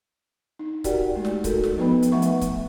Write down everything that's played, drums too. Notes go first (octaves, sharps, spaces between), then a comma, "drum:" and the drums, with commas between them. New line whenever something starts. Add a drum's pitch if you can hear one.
D#4
F#4 G4 A#4 D5 F#5 G5, drum: kick C#1, hi-hat
G#3 A3 D#4
drum: snare
F#4 A4 A#4, drum: kick C#1, hi-hat
drum: snare
F3 B3 D#4 B4 G5 B5
drum: hi-hat
F3 A3 B4 E5 F#5 C#6
drum: hi-hat
drum: kick C#1, hi-hat